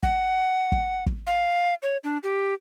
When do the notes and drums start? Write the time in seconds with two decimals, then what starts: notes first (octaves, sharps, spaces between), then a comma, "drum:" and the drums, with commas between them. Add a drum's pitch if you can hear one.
0.03 F#5, drum: kick
0.72 drum: kick
1.06 drum: kick
1.27 F5
1.83 C#5
2.04 D4
2.23 G4